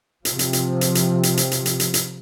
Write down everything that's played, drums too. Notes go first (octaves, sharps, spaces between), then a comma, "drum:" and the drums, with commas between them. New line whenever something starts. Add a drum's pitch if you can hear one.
C3 F3, drum: hi-hat
drum: hi-hat
drum: hi-hat
drum: hi-hat
drum: hi-hat
drum: hi-hat
drum: hi-hat
drum: hi-hat
drum: hi-hat
drum: hi-hat
drum: hi-hat